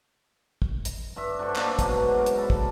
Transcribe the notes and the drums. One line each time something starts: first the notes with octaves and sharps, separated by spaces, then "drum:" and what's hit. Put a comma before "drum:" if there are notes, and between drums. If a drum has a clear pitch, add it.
drum: kick
drum: hi-hat
G2 E5
D4 F#4 A4 C5
A#3 D4, drum: clap
G#2 B2 F#3, drum: kick, hi-hat
A#4 C5
drum: hi-hat
A4 A5 B5
drum: kick